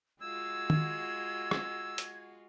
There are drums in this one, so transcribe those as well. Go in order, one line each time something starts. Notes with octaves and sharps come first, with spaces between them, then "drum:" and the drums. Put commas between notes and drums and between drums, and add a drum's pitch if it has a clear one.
G#3 F4 F#4 E6 G#6
drum: tom
drum: rim click
drum: hi-hat